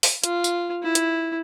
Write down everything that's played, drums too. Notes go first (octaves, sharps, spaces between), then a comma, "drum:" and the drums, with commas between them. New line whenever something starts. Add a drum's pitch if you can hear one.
drum: open hi-hat
F4, drum: hi-hat
drum: tambourine
E4
drum: hi-hat